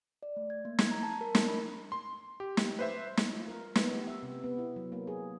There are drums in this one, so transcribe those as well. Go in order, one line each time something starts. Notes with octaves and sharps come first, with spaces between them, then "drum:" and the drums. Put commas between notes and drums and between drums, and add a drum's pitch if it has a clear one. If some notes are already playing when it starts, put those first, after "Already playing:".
D5
A3
G#6
A#3
G#6, drum: snare
A#5
A5
A#4
D4, drum: snare
B5
C6
G4
drum: snare
B4 C5 E5
drum: snare
F4
A#4
B3, drum: snare
G4
E5
C3
B3
E4
F#3
A#3
G#4